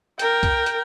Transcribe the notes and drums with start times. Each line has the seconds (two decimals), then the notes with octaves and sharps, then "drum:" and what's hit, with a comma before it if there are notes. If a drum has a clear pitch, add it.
0.19 A#4 G5, drum: hi-hat
0.43 drum: kick, hi-hat
0.66 drum: hi-hat